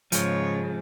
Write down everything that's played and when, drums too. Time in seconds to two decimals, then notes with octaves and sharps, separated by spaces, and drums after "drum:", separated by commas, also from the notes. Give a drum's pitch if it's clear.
0.12 G#2 C#3 F3 G#3 C#5, drum: hi-hat